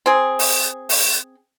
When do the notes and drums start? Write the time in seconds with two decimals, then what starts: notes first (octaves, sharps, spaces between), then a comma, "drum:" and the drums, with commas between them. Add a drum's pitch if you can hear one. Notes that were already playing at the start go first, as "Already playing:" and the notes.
0.06 C4 G#4
0.39 drum: open hi-hat
0.89 drum: open hi-hat